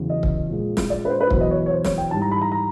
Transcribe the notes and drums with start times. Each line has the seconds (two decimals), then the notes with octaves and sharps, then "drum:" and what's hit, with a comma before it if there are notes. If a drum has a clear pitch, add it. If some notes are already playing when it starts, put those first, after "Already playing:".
Already playing: E2 C#3 F#3
0.09 D#5
0.23 drum: kick C#1
0.49 A#2 F3 G#3
0.77 drum: snare
0.90 D5
1.05 B4
1.10 C5
1.20 B4
1.31 E2 B2 F#3 C5, drum: kick C#1
1.41 D#5
1.51 C#5
1.66 C#5
1.70 C5
1.85 C#5, drum: snare
1.98 G5
2.11 G#2 E3 G3 A5
2.21 A#5
2.31 B5
2.41 A#5
2.52 A#5